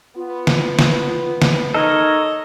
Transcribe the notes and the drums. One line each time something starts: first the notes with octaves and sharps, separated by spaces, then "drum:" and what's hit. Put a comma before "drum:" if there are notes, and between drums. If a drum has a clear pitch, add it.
B3 F4 B4
drum: snare
drum: snare
drum: snare
D#4 A4 A#4 C#5 D#5